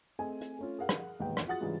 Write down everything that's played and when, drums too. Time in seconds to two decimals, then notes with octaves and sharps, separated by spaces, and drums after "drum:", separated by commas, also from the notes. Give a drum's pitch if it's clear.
0.19 A3 C4 G#4 D#5 G#5
0.41 drum: hi-hat
0.59 A3 C#4 F4
0.78 G#4 A#4 F5 F#5
0.89 drum: rim click
1.19 E1 D#2 G#2 B4 G5
1.37 drum: rim click
1.47 F4 F#4 G#4 F#5 D#6 A6
1.61 G#2 C#3 E3 G3 F4 G#4